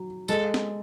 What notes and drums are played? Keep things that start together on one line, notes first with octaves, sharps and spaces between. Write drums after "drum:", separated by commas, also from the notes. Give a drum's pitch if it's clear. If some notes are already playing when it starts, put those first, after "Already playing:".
Already playing: F#3
G#3 A4, drum: tambourine
drum: snare